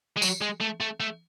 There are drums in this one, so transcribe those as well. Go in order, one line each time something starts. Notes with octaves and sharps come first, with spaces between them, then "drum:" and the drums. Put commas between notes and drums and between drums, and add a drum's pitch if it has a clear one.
G#3
F#3, drum: tambourine
G#3
A3
A3
A3